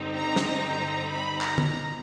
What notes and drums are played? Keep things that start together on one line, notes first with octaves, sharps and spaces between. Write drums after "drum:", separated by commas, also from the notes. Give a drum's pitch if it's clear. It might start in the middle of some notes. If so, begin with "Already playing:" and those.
Already playing: G2 D3 G3 C4 D#4
A#5
drum: snare
A#5
B5
A#5, drum: clap
drum: tom